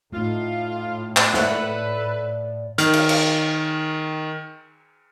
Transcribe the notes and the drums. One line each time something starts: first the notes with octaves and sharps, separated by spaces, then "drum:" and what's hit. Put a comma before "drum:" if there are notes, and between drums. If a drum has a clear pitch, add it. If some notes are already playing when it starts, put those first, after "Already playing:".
A2 A3 D#4 F4
drum: clap
A4 B4 D5 E5 F#5, drum: snare
D#3 F6, drum: hi-hat
drum: cymbal
drum: cymbal